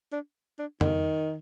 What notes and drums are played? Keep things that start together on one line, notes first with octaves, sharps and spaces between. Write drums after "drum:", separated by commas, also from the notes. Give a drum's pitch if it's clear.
D4
D4
D#3, drum: tom F2